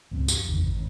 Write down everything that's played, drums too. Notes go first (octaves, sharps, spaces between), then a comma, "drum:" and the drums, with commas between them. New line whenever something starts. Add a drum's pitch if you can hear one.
C#2 G#2 F3 C4
F#2, drum: tambourine
G#1 E2 C3 D#3
G#1